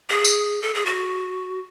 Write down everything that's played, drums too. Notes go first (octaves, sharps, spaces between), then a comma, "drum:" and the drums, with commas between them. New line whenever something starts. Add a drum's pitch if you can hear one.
G#4
drum: tambourine
A4
G#4
F#4